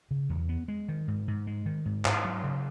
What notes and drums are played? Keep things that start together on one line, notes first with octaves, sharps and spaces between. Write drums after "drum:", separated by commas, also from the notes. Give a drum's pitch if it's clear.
C#3
E2
B3
G#3
D#3
G#2
G#2
G#3
D#3
G#2
G#2, drum: clap
F#3
C#3